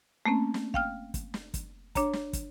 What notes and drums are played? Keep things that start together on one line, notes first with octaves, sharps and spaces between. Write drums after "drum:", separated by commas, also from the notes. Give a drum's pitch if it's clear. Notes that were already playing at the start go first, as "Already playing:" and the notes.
A3 A#3 C4 C#4
drum: snare
F5 G5 F6, drum: kick
drum: kick, hi-hat
drum: snare
drum: kick, hi-hat
D4 C#5 A#5, drum: kick, hi-hat
drum: snare
drum: kick, hi-hat